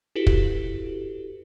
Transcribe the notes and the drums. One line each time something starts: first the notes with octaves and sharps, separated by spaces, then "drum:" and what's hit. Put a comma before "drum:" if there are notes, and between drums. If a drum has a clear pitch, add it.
E4 F#4 G4 A4 B4
drum: kick